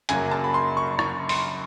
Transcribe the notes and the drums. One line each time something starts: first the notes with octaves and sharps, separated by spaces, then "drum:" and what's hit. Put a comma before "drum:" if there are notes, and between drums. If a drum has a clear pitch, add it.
F#2 C#3 F#3 A#3 G#5, drum: hi-hat
A5
B5
C6
C#6
C#6, drum: rim click
C6, drum: open hi-hat